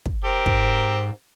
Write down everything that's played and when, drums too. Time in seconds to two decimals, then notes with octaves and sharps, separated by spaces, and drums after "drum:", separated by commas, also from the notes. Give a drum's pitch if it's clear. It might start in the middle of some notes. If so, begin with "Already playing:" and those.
0.06 drum: kick
0.24 C4 G4 A#4
0.46 G#2, drum: kick